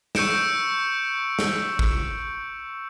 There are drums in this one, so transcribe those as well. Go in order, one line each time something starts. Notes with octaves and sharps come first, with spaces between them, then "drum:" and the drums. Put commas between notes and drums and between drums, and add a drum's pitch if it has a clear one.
C#6 E6 G6 C#7 D7 E7, drum: snare
drum: snare
drum: kick A1